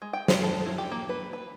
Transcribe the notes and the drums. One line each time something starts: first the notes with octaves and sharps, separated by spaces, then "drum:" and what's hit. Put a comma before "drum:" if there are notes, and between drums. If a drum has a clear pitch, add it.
G#3
G5
C5, drum: snare
A4
E4
G4
A#3
B4
B4